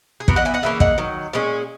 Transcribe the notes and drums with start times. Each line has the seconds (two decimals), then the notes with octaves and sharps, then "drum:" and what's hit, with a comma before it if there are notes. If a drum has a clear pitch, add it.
0.20 G#4
0.28 E3 B3 F#4 A#4, drum: kick
0.36 D#5 F#5
0.45 E5 G#5
0.54 D#5 F#5
0.63 C#3 E3 A#3 C#4 E5
0.80 D#5 F#5, drum: kick
0.98 D#3 F#3
1.33 A#2 G#3 C#4